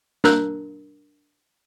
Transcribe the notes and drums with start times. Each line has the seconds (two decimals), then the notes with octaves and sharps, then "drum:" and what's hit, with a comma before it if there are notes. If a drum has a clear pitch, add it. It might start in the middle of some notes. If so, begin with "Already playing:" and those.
0.24 D4 A#4 A#5 E6 F#6 G6, drum: snare